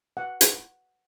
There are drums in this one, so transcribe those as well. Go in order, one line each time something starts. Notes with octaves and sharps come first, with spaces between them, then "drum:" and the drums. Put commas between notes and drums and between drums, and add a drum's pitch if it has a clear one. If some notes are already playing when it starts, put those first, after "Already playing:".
F#5
drum: hi-hat